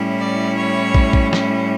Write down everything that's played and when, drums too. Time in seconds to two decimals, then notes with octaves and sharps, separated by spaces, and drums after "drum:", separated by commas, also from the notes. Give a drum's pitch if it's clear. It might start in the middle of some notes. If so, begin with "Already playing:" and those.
Already playing: A2 G3 C#4 E4
0.19 D5
0.56 C#5
0.94 drum: kick
1.13 drum: kick
1.33 E4, drum: snare